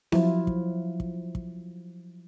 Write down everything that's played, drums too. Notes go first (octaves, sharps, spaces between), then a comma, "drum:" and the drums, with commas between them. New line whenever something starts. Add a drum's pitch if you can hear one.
F3 F#3 E4 F4, drum: snare C4
drum: kick
drum: kick
drum: kick